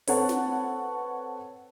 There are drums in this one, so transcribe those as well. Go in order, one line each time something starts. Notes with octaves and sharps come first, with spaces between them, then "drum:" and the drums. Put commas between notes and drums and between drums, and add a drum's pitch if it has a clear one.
C4 A4 B4 C#5 F#5 A5, drum: open hi-hat
drum: snare